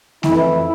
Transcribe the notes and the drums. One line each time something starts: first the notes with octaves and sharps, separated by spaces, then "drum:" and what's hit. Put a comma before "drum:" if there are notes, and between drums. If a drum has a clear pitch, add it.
F2 E3 E4, drum: snare A3